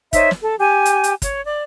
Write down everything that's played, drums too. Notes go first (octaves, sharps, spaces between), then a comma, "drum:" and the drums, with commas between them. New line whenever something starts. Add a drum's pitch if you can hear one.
D#4 C5 C#5 E5, drum: kick, hi-hat
drum: snare
A4
G4 G#5
drum: hi-hat
drum: hi-hat
C#5, drum: kick, hi-hat
D5